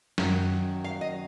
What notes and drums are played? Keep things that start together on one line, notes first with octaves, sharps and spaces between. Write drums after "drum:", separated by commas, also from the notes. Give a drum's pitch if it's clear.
F#2 D#3 F#3 C#4, drum: snare
F5
D#5